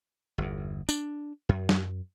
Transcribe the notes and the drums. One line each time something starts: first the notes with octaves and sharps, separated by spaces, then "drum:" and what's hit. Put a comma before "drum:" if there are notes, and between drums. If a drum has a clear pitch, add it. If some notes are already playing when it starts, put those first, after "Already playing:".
G1 E2
D4, drum: tambourine
F#2
drum: snare